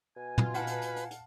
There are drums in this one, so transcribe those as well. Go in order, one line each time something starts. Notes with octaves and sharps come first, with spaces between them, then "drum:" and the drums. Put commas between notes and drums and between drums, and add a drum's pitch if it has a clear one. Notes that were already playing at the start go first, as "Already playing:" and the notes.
B2 G#5
F4, drum: tom
B4 F5 F#5 A5, drum: hi-hat
drum: hi-hat
drum: hi-hat
drum: hi-hat
drum: hi-hat